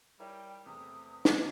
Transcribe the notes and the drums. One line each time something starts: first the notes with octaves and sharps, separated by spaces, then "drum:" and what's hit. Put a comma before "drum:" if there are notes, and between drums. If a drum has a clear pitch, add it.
G3 E4 A#4 C#5 G5
E2 C3 A3 D#6
drum: snare